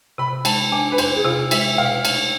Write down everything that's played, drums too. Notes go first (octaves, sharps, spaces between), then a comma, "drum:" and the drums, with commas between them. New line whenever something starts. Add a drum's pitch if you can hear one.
C3 B5
G#3 A5, drum: cymbal
D4 G#5
B4
E2 C5, drum: cymbal
G#4
C3 F4
G#3 E5, drum: cymbal
B2 F5
A3, drum: cymbal